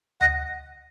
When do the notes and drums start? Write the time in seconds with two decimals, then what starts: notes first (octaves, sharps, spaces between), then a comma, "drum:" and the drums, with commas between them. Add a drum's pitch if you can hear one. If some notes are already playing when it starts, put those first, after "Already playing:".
0.21 D#5 F#5, drum: tom D2